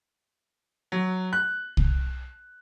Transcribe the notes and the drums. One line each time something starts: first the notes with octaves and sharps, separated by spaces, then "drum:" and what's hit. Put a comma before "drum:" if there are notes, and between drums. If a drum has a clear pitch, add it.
F#3
F#6
drum: kick C2